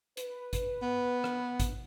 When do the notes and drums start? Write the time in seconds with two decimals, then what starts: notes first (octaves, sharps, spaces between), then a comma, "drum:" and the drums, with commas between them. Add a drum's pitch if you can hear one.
0.17 B4, drum: hi-hat
0.53 drum: kick G#1, hi-hat
0.82 B3
1.24 drum: rim click
1.60 drum: kick G#1, hi-hat